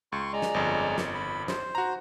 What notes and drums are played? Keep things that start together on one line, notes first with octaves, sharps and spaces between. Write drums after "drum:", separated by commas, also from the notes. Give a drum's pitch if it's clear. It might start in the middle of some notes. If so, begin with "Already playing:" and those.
C#2 C6 C#6
G#3 D5 A#5
drum: snare
G1 F2
drum: snare
B5
C5, drum: snare
F#4 A#5